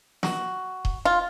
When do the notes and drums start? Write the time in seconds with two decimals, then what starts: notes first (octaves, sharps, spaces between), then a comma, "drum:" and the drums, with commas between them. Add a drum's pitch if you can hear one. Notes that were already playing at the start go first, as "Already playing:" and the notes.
0.23 F#4, drum: snare
0.85 drum: kick D#1
1.05 F4